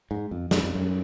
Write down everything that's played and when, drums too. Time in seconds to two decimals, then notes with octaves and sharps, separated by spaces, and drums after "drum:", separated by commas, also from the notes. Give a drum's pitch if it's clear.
0.11 G#2
0.31 F2
0.51 F#2, drum: snare
0.63 F2
0.75 F#2